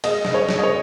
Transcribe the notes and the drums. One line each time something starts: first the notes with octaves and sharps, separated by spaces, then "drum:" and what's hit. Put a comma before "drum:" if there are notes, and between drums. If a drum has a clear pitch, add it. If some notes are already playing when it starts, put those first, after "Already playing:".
G#3 D#5, drum: cymbal
C#3 D#5, drum: snare
C#5
C#3, drum: snare
D#5
C#5